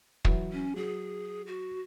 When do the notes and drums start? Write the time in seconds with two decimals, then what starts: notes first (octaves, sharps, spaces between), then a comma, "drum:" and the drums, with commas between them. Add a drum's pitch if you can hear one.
0.25 E3 F#3, drum: kick
0.53 C#4
0.76 F#3 G#4
1.47 F#4